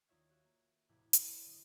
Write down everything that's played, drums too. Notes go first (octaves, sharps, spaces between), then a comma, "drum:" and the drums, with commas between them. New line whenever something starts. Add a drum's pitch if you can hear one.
D#2 D#4 F4 C#5 E5 G#6
F#4 E5
A#3
E1 A2 C3 E4 D6 G#6
D4 A4 A#4 C#5 A5 B5, drum: hi-hat
F#1 D2 G4 D#5